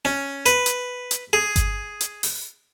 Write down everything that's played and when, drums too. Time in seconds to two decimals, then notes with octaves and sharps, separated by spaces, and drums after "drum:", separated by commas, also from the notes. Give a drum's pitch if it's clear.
0.05 C#4
0.46 B4, drum: hi-hat
0.66 drum: hi-hat
1.11 drum: hi-hat
1.33 G#4
1.56 drum: kick G1, hi-hat
2.01 drum: hi-hat
2.23 drum: open hi-hat